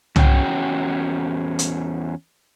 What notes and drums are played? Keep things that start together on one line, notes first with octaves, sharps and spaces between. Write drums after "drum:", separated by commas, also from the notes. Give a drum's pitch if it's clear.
E2 C#4 F#4 G5, drum: tom C2
drum: hi-hat